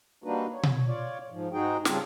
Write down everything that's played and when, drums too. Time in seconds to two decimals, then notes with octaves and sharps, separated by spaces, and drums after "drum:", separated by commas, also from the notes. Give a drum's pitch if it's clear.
0.24 G3 A#3 D4 D#4 F#4 B4
0.52 C#5
0.63 drum: tom B2
0.87 F4 C#5 D5
1.30 G#2 F3
1.53 G#2 G#3 D#4 F#4 G#4 G5
1.85 C#3 G3 C4 D4 F4, drum: snare